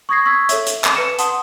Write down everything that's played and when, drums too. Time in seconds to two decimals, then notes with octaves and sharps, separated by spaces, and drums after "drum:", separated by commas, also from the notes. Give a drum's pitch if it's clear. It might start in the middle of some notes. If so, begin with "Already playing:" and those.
0.09 C#6 D#6 G#6 A#6 C7
0.26 C#6 E6 G#6 B6
0.49 A4 C#5 E5, drum: hi-hat
0.67 drum: hi-hat
0.84 drum: clap
0.95 B4 C#7 E7
1.19 F#5 A5 C6 D#6, drum: hi-hat